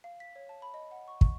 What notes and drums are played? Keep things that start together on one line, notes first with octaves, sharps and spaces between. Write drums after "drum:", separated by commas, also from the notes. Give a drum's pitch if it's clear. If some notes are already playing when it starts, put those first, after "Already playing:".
F5
B6
C#5
A5
B5
D#5
F#5
C#6
C#6, drum: kick